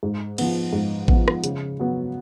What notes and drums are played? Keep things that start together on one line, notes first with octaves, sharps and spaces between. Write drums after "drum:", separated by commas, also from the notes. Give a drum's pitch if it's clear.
G#2
F3 B3, drum: cymbal
G#2
F3 B3, drum: kick A1
drum: rim click
C#3, drum: hi-hat
F#3 B3